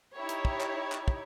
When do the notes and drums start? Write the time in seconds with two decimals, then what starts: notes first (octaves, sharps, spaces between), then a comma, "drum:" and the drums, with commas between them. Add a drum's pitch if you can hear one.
0.13 D#4 E4 G4 C#5
0.29 drum: hi-hat
0.45 drum: kick
0.60 drum: clap
0.92 drum: clap
1.08 drum: kick